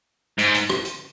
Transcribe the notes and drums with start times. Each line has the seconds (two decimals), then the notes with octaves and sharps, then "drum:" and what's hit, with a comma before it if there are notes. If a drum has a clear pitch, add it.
0.38 G#2, drum: hi-hat
0.54 drum: hi-hat
0.69 drum: rim click
0.85 drum: hi-hat